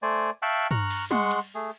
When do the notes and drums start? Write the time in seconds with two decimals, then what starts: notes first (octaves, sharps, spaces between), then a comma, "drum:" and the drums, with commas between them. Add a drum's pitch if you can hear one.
0.02 A3 C5 D5 G#5
0.42 E5 F5 G5 A5 C#6 F#6
0.71 A#5 C#6 F6 F#6, drum: tom G2
0.91 drum: cymbal
1.11 G#3 F#5 C6 C#6, drum: tom G3
1.31 drum: cymbal
1.55 A3 G#4